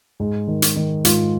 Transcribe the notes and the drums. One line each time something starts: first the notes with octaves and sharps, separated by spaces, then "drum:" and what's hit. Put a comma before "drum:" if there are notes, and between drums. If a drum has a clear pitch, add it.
G#2 G#4
D#3
drum: hi-hat
D#3
G#2 F4, drum: hi-hat